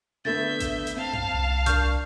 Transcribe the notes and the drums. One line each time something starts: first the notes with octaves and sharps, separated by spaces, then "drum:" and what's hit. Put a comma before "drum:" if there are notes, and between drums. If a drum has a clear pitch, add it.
D3 A3 B3 E5 G6 A6
drum: kick A1, hi-hat
drum: hi-hat
C4 F5 A5
drum: tom F#2
C2
D4 A#4 C#6 F6 G6, drum: kick A1, hi-hat